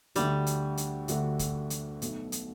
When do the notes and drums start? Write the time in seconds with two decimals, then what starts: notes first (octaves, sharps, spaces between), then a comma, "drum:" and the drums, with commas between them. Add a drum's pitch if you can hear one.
0.15 D2 D3 G3 A3 D4 F#4, drum: hi-hat
0.47 drum: hi-hat
0.77 drum: hi-hat
1.08 D2 D3 A3 D4 F#4, drum: hi-hat
1.39 drum: kick, hi-hat
1.70 drum: hi-hat
2.02 B1 B2 A3, drum: hi-hat
2.32 drum: hi-hat